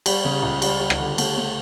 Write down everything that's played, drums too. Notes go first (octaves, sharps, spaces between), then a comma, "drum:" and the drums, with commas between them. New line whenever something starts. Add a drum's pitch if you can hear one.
G3, drum: cymbal
C#3
C#2
G3, drum: cymbal
G3
drum: rim click
D3
A3, drum: cymbal
A3